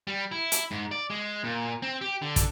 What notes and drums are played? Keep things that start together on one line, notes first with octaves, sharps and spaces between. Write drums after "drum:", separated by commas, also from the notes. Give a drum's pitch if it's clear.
G3
E4
drum: hi-hat
G#2
D5
G#3
A#2
C4
G4
D3
drum: kick, hi-hat